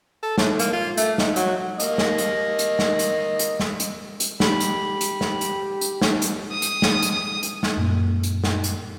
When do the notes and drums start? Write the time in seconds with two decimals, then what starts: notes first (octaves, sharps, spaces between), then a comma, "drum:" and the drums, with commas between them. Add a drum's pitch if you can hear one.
0.23 A4
0.38 A2, drum: snare
0.59 A#3, drum: hi-hat
0.73 F4
0.97 A3, drum: hi-hat
1.18 D#4, drum: snare
1.36 F#3, drum: hi-hat
1.80 A#3 D#5, drum: hi-hat
1.98 drum: snare
2.18 drum: hi-hat
2.59 drum: hi-hat
2.79 drum: snare
2.99 drum: hi-hat
3.39 drum: hi-hat
3.60 drum: snare
3.80 drum: hi-hat
4.20 drum: hi-hat
4.40 G4 B5, drum: snare
4.60 drum: hi-hat
5.01 drum: hi-hat
5.21 drum: snare
5.41 drum: hi-hat
5.81 drum: hi-hat
6.02 drum: snare
6.22 drum: hi-hat
6.52 D#6
6.62 drum: hi-hat
6.82 drum: snare
7.02 drum: hi-hat
7.43 drum: hi-hat
7.63 drum: snare
7.77 F#2 A#2 A#3
8.23 drum: hi-hat
8.44 drum: snare
8.64 drum: hi-hat